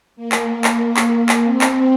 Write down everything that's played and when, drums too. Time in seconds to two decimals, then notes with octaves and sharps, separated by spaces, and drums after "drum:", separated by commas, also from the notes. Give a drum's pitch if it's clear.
0.16 A#3
0.32 drum: clap
0.64 drum: clap
0.97 drum: clap
1.29 drum: clap
1.45 C4
1.61 drum: clap